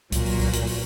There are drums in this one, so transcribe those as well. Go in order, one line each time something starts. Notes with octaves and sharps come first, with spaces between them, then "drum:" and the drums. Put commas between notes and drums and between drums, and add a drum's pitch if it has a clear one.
A#2 F#3, drum: kick C2, hi-hat
drum: open hi-hat
drum: kick C2, open hi-hat
drum: hi-hat
drum: open hi-hat